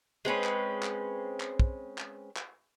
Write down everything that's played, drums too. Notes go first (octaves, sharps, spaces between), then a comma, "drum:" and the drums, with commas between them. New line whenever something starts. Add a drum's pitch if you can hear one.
G#3 C4 C#4 B4
drum: clap
drum: clap
drum: clap
drum: kick
drum: clap
drum: clap